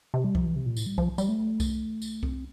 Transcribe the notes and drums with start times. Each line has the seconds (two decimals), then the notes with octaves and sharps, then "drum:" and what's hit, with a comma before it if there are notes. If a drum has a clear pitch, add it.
0.14 C3
0.24 G3
0.35 F3, drum: kick C2
0.45 E3
0.56 C3
0.66 A#2
0.77 A2, drum: tambourine
0.86 G3
0.98 F3, drum: kick C2
1.18 G3, drum: tambourine
1.29 A3
1.60 drum: kick C2, tambourine
2.02 drum: tambourine
2.23 C4, drum: kick C2